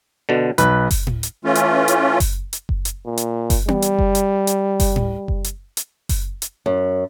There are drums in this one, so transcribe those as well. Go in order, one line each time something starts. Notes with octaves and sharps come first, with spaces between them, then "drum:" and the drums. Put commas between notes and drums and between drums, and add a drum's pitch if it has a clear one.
B2 D3
B1 B4 F#6, drum: hi-hat
drum: kick F#1, open hi-hat
drum: tom A2
drum: hi-hat
E3 A3 C#4 F4
drum: hi-hat
drum: hi-hat
drum: kick F#1, open hi-hat
drum: hi-hat
drum: kick F#1
drum: hi-hat
A#2
drum: hi-hat
drum: kick F#1, open hi-hat
G3, drum: tom B3
drum: hi-hat
drum: kick F#1
drum: hi-hat
drum: hi-hat
drum: kick F#1, open hi-hat
drum: tom A2
drum: kick F#1
drum: hi-hat
drum: hi-hat
drum: kick F#1, open hi-hat
drum: hi-hat
F#2